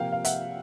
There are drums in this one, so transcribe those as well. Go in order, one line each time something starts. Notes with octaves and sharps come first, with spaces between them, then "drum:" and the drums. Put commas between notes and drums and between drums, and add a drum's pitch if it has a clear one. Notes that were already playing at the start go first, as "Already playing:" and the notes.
Already playing: C3 F3 A#3 F5 G5
F5
E5 F#5, drum: hi-hat